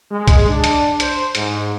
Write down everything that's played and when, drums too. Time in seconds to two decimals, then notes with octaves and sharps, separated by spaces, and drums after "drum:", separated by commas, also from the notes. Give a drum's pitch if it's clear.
0.10 G#3
0.28 drum: kick, hi-hat
0.47 D4
0.64 drum: hi-hat
1.00 C5, drum: hi-hat
1.35 G#2, drum: hi-hat